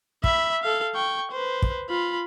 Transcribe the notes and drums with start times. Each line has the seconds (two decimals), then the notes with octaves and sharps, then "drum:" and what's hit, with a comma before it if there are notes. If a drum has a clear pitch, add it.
0.24 E5 B5, drum: kick
0.63 A4 F5
0.95 G5 C#6
1.32 B4 C5
1.62 drum: kick
1.89 F4 B5